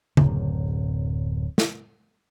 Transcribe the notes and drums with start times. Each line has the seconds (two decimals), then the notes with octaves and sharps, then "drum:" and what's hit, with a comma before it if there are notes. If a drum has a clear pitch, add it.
0.17 D1 F#2, drum: tom C#3
1.58 drum: snare